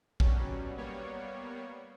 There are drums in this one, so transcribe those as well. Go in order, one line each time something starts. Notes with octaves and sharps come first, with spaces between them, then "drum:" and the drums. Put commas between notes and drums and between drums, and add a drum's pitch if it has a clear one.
B2 F#3 G3 C#4, drum: kick
G3 A#3 B3 C#5